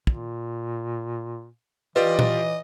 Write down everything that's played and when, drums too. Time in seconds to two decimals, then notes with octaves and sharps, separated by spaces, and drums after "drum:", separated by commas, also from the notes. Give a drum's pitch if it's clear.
0.07 A#2, drum: kick
1.96 E3 F4 G4 B4 D5 D#5
2.19 drum: tom A#2